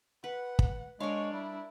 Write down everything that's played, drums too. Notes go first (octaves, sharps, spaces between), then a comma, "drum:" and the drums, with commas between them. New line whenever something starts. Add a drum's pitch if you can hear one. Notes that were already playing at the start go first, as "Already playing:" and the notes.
B4 F#5
drum: kick
G#3 D4 A#4 C#5 F5
G3 E4